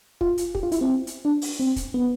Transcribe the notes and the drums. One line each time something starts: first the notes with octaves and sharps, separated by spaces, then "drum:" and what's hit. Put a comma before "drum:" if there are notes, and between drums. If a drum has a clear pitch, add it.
F4, drum: kick
drum: hi-hat
G4, drum: kick
F4
E4, drum: hi-hat
C4
drum: hi-hat
D4
drum: open hi-hat
C4
drum: kick, hi-hat
B3